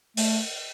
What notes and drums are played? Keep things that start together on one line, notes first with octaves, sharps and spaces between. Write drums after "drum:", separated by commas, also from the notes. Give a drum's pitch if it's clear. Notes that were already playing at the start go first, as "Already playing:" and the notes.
A3, drum: open hi-hat